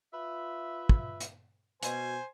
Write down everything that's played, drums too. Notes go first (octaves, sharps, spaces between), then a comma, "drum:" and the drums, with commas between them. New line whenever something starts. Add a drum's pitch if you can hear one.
F4 B4 E5
drum: kick
drum: hi-hat
B2 C5 G#5, drum: hi-hat